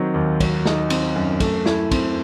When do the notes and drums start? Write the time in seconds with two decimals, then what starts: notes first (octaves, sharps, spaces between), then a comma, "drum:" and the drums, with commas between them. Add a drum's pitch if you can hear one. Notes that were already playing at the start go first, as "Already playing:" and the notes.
Already playing: D#3 F#3 C4
0.14 D#2
0.40 F#3, drum: kick, cymbal
0.66 D#4, drum: snare
0.90 C4, drum: cymbal
1.16 F#2
1.40 A3, drum: kick, cymbal
1.66 E4, drum: snare
1.91 C4, drum: kick, cymbal